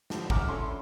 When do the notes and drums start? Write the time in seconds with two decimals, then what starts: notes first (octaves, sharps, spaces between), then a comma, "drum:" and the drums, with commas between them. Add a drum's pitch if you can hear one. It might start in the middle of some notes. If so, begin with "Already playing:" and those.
0.10 A2 D3 F3 G3, drum: snare
0.30 A#1 F#5 G#5 A#5 D6 F6, drum: kick
0.48 C#4 D4 E4 A4 C6